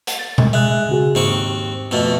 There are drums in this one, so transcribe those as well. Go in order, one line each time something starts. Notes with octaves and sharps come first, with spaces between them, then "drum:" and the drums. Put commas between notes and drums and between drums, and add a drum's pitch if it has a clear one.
drum: hi-hat
A6
drum: tom B2
G#3 E5 F#6
C#3 F#4 G#4
D#2 G#2 C4 C#6
F2 B2 A3